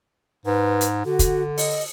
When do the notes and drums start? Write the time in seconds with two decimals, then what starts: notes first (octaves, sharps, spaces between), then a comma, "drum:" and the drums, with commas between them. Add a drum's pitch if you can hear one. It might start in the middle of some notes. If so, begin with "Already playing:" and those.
0.46 G#2 B4
0.81 drum: hi-hat
1.05 D3 F#4
1.19 drum: kick, hi-hat
1.58 D#5, drum: open hi-hat